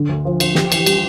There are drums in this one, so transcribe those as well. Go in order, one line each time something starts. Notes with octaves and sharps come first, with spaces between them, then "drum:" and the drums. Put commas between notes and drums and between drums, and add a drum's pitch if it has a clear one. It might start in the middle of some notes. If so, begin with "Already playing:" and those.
Already playing: D3
D2
F3
F3, drum: cymbal
G4, drum: snare
E3, drum: cymbal
G3, drum: cymbal